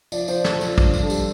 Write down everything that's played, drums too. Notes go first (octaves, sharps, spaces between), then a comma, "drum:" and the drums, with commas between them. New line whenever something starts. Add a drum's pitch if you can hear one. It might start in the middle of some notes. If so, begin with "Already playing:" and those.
F3 D5, drum: tambourine
F3 C5, drum: tambourine
F3 A4, drum: snare
F3, drum: tambourine
G2, drum: kick, tambourine
G2, drum: tambourine
A4
G4, drum: tambourine